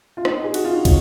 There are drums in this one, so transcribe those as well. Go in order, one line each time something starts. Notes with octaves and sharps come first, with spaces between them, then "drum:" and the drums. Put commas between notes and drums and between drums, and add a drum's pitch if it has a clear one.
F4
D#4, drum: rim click
G#4
F#4, drum: cymbal
F4
D#4
C#4, drum: kick, cymbal